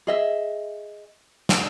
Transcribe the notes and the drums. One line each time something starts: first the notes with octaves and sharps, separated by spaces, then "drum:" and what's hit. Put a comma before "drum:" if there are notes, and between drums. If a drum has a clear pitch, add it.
G#4 D#5 E5
drum: snare